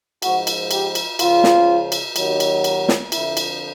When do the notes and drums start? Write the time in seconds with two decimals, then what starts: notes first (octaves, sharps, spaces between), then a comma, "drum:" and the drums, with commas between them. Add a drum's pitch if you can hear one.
0.22 G#2 F3 F#4, drum: cymbal
0.47 drum: cymbal
0.71 G4, drum: cymbal
0.95 drum: cymbal
1.19 C#2 C#3 F3 F4, drum: cymbal
1.44 drum: snare
1.92 drum: cymbal
2.16 D#2 D#3 F#3, drum: cymbal
2.40 drum: cymbal
2.64 drum: cymbal
2.88 drum: snare
3.12 F2 D3 F3 E4, drum: cymbal
3.37 drum: cymbal